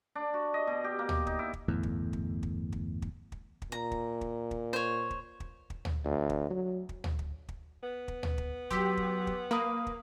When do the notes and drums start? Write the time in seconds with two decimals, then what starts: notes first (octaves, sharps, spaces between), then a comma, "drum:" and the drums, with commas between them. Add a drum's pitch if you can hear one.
0.15 D4
0.34 F#4
0.54 D#5
0.67 B2
0.84 G4
0.99 A#3
1.09 drum: tom
1.27 D#4, drum: kick
1.39 E4
1.53 drum: kick
1.68 G1 E2 A2
1.83 drum: kick
2.13 drum: kick
2.43 drum: kick
2.72 drum: kick
3.02 drum: kick
3.32 drum: kick
3.62 drum: kick
3.72 A#2 A#5
3.91 drum: kick
4.21 drum: kick
4.51 drum: kick
4.73 C5 C#5
5.10 drum: kick
5.40 drum: kick
5.70 drum: kick
5.85 drum: tom
6.05 D2
6.29 drum: kick
6.50 F#3
6.89 drum: kick
7.04 drum: tom
7.19 drum: kick
7.49 drum: kick
7.83 B3
8.08 drum: kick
8.23 drum: tom
8.38 drum: kick
8.71 F#3 G4 C6 E6 B6, drum: kick
8.97 drum: kick
9.27 drum: kick
9.51 A#3 B4 F5 D#6
9.87 drum: kick